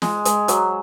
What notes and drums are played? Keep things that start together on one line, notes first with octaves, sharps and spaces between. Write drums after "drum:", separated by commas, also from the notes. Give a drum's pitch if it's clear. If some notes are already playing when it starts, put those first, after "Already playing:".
G#3, drum: snare
G#3, drum: hi-hat
F#3, drum: hi-hat